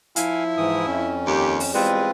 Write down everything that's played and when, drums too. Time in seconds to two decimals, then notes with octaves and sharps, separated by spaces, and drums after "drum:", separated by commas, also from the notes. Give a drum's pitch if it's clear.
0.16 F3 E4 F5 G#5, drum: hi-hat
0.57 G#2 E3 D#6
0.86 F2 C#4
1.27 D#2 G4
1.60 drum: open hi-hat
1.74 E2 G3 G#3 C4 F4 B4